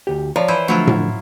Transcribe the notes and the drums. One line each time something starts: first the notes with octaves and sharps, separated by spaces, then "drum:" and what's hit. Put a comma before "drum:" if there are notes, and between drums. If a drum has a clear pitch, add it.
D2 G4
F3 C#5 D5 A#5
E3 E4 C5
D3 F3 F#3 A3 E4 F4
drum: tom A2